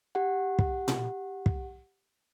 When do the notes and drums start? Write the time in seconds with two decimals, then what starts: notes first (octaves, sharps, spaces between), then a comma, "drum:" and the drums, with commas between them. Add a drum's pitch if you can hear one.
0.15 G4 F#5
0.59 drum: kick
0.88 drum: tom A#2
1.46 drum: kick